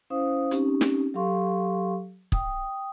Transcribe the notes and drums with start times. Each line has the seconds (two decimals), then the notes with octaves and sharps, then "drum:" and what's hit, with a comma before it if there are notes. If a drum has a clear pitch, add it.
0.10 C#4 E4 C5 F5 D#6
0.51 C4 C#4 D#4 G4, drum: hi-hat
0.81 drum: snare
1.14 F#3 G4 A4 F5 C6 C#6
2.32 G5 D#6, drum: kick